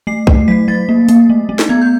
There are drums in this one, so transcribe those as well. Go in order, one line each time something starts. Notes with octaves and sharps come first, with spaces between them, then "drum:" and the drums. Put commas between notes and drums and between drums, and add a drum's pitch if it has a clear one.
A3 C7
A3, drum: kick B1
F#3 B6
F#3 A6
A#3
A#3, drum: open hi-hat
A3
A3
drum: snare
B3 G#6
G6